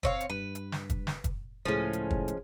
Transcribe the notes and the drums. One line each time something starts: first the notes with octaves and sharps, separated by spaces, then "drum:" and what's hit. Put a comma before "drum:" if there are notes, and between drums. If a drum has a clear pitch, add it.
C4 C#5 F5, drum: kick
drum: hi-hat
G2 B4
drum: hi-hat
drum: snare
drum: kick, hi-hat
drum: snare
drum: kick, hi-hat
C#2 A2 F3 G#3 C#4
drum: hi-hat
drum: kick
drum: hi-hat